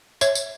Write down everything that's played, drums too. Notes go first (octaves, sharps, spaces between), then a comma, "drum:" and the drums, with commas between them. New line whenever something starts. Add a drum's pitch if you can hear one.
C#5 E5, drum: tambourine
drum: tambourine